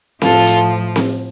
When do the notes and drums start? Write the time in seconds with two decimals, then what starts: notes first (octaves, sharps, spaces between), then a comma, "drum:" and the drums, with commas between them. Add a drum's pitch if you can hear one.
0.22 A2 F3 F4 A4, drum: snare C4
0.46 drum: hi-hat
0.96 drum: snare C4